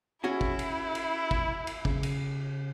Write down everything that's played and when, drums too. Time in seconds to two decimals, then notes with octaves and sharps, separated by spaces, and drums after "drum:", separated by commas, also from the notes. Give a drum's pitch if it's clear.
0.24 C#4 E4 F#4 G#4
0.41 drum: kick
0.59 drum: cymbal
0.95 drum: cymbal
1.31 drum: kick
1.67 drum: cymbal
1.85 C#3, drum: kick
2.03 drum: cymbal